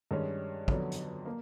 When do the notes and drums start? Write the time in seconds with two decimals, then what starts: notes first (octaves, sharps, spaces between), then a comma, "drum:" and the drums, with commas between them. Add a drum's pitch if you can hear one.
0.11 G2 D#3 G#3 C#4
0.68 F2 D3 F#3 B3, drum: kick
0.92 drum: hi-hat
1.25 A#3